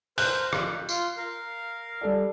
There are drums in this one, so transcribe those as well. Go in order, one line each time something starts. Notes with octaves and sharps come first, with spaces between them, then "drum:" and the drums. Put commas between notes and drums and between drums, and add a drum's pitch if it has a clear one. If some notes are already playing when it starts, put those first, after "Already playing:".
A#4 C5 F#6 G6, drum: open hi-hat
F4, drum: rim click
F4 C6, drum: tambourine
A#4 F5
G3 A4 D5